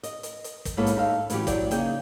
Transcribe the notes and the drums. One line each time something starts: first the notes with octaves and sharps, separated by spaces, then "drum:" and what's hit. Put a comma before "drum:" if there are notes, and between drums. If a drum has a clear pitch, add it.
D#5, drum: hi-hat
drum: hi-hat
drum: hi-hat
drum: kick, hi-hat
G#2 A#3 B3 E4 A4 C#5
drum: hi-hat
D#4 A4 F5
A2 E3 F#3 C#4 G4, drum: hi-hat
F#3 C#5 D5 G5, drum: kick, hi-hat
C#3 A#3 D#4 G#4 G5, drum: hi-hat